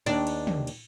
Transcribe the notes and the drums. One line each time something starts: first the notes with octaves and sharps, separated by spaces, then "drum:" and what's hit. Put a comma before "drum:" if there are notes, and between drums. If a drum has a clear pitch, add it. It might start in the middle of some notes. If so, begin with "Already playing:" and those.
D#2 D4, drum: cymbal
drum: cymbal
drum: tom
drum: cymbal